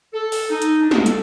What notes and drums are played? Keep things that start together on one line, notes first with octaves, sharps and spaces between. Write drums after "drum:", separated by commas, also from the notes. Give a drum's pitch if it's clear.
A4
drum: open hi-hat
D#4
drum: hi-hat
D4
drum: snare
A4, drum: hi-hat